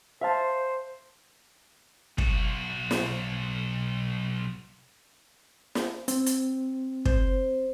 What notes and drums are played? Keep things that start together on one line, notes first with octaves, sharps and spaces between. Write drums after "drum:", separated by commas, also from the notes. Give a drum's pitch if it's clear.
C5 E5 F5 A5
B1 F#4, drum: kick
drum: snare
drum: snare
C4, drum: hi-hat
drum: hi-hat
C5, drum: kick